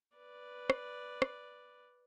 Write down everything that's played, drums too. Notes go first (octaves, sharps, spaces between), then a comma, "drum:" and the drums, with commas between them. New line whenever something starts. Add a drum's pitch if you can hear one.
B4 D5
drum: rim click
drum: rim click